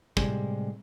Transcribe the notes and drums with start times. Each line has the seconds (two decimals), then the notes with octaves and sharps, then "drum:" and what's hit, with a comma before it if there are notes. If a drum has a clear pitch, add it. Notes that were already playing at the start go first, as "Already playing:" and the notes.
0.17 A2 C3 G3 G#3, drum: kick